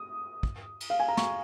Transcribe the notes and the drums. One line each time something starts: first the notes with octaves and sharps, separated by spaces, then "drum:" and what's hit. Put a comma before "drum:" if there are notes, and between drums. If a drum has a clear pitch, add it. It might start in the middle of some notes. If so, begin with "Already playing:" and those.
Already playing: D#6
drum: kick
drum: cymbal
F5
G#5
A#5
C#6, drum: snare